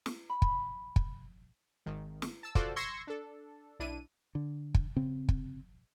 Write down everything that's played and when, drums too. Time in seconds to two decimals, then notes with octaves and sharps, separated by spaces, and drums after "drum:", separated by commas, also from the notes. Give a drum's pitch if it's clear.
0.06 drum: snare
0.30 B5
0.42 drum: kick
0.96 drum: kick
1.86 G#1 D#3
2.22 drum: snare
2.43 A5 E6
2.55 F4 F#4 A4 C5 D5, drum: kick
2.76 C6 C#6 E6 G#6 A#6 C#7
3.07 D4 A4
3.79 B1 D4 E4 D#7
4.35 D3
4.74 drum: kick
4.96 C#3 C4
5.29 drum: kick